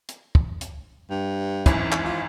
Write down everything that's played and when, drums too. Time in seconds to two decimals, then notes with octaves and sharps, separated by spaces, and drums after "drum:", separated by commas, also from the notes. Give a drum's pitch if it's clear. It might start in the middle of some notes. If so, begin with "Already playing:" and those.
0.09 drum: hi-hat
0.35 drum: kick
0.61 drum: hi-hat
1.10 G2
1.66 G#1 F#2 E3 E4, drum: kick, hi-hat
1.92 drum: clap
2.05 F4